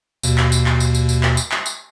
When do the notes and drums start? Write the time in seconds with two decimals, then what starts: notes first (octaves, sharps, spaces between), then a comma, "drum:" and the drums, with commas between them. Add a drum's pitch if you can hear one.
0.23 D#2 B2, drum: tambourine
0.38 drum: clap
0.52 drum: tambourine
0.66 drum: clap
0.80 drum: tambourine
0.95 drum: tambourine
1.09 drum: tambourine
1.23 drum: clap
1.37 drum: tambourine
1.51 drum: clap
1.66 drum: tambourine